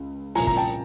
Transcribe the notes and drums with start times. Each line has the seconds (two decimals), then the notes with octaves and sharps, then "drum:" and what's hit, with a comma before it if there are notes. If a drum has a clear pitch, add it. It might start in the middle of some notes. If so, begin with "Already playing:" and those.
Already playing: C#2
0.35 C2 A#2 F3 G#5 A#5, drum: open hi-hat
0.47 A#5, drum: kick
0.57 G5 A5